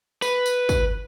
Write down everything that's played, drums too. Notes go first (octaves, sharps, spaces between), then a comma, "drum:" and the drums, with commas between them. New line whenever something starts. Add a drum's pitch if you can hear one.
B4, drum: tambourine
drum: tambourine
drum: kick, tambourine